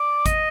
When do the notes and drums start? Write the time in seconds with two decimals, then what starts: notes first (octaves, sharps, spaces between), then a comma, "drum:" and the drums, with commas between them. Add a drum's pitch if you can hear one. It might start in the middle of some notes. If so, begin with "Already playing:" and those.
Already playing: D5
0.26 D#5, drum: kick, hi-hat